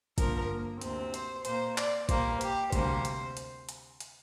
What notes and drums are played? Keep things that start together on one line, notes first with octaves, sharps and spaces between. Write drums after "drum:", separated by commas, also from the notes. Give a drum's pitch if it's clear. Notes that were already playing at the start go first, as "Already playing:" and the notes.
G2 D3 F3 A#3 A#4, drum: kick G#1, hi-hat
A#3
D2 C3 A#3 C4, drum: hi-hat
C5, drum: hi-hat
A#2 A#3 C5, drum: hi-hat
D5, drum: clap
A#2 G3 A#3 C5, drum: kick G#1, hi-hat
G4, drum: hi-hat
D2 C3 G3 A#3 C5, drum: kick G#1, hi-hat
drum: hi-hat
drum: hi-hat
drum: hi-hat
drum: hi-hat